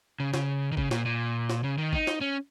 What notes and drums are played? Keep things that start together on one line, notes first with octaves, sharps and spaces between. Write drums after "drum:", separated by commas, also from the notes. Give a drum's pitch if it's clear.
C#3
C#3, drum: snare
D#3
C#3, drum: kick
A#2, drum: snare
A#2
drum: snare
C#3
D#3
D#4, drum: kick
drum: snare
C#4